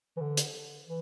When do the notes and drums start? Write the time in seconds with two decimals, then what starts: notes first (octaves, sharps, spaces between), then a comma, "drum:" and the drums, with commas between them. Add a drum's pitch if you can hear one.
0.17 E3
0.21 D3
0.37 drum: hi-hat
0.86 E3